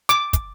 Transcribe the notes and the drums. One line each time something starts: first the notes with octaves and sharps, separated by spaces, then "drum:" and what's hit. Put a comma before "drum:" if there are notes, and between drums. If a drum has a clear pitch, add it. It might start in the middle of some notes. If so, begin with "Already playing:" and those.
D6, drum: hi-hat
drum: kick, hi-hat